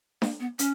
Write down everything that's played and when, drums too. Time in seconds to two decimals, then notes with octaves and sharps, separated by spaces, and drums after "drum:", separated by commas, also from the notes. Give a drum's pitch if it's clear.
0.22 A#3, drum: snare D4
0.40 B3
0.59 C#4, drum: hi-hat